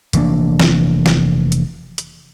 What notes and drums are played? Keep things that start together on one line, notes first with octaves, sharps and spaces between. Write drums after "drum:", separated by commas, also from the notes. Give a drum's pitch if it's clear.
F1 E3 A#3 D4, drum: hi-hat
drum: snare
drum: snare
drum: hi-hat
drum: hi-hat